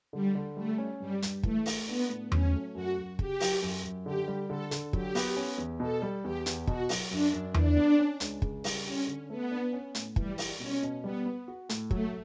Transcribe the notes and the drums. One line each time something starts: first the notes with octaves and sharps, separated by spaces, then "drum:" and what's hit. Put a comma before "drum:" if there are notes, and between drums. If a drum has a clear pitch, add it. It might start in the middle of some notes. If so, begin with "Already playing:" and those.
D3 G3
D3
G3 A3
C#4
G2 G3
G2, drum: hi-hat
E3 A3, drum: kick
A3, drum: open hi-hat
B3 D4
A2
F#3 C#4, drum: tom E2
A3
F#2 F#4
F#2
C#3 G4, drum: kick
F#3, drum: open hi-hat
F#2
F#2
D3 G4
G3
D3 A4
D3, drum: hi-hat
F#3 G4, drum: kick
B3, drum: open hi-hat
C#4
E2
B2 A4
G3
E2 G4
E2, drum: hi-hat
B2 F#4, drum: kick
F#3, drum: open hi-hat
F#2 D4
F#2
E3 D4, drum: tom E2
B3
C#4
C#2, drum: hi-hat
C#3, drum: kick
G3, drum: open hi-hat
C#4 G4
D3
A3 B3
D4
C#4
A2, drum: hi-hat
E3 G3, drum: kick
G3, drum: open hi-hat
B2 C#4
B2
G3 B3
B3
F#4
A2, drum: hi-hat
F#3 A3, drum: kick